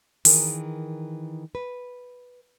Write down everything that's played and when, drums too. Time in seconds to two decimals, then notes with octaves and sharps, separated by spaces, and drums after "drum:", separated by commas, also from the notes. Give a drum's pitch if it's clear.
0.25 D#3 E3 G#4 A#4, drum: open hi-hat
1.55 B4